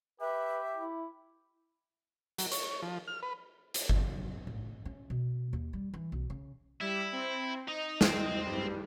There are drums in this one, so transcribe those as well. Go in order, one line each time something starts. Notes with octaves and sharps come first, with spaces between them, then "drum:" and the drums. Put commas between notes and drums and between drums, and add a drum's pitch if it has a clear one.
G4 B4 E5
E4
F#3, drum: hi-hat
C#5, drum: hi-hat
F3
F6
B4
drum: hi-hat
F#3, drum: kick G1
A2
C#4
B2
D#2
G3
E3
B1
C#3
G3 E4 B6
C4
D#4 D#5
C4 G5, drum: snare
G2 G3